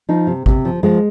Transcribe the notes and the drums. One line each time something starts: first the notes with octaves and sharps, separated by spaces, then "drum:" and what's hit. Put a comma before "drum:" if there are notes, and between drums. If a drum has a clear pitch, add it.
F3 D#4
C3
C3, drum: kick G#1
F3
F3 G#3